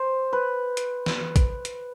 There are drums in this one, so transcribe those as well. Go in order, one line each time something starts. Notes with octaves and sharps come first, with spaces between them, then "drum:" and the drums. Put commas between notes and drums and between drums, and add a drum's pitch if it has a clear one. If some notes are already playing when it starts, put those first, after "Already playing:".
Already playing: C5
B4
drum: hi-hat
drum: snare
drum: kick, hi-hat
drum: hi-hat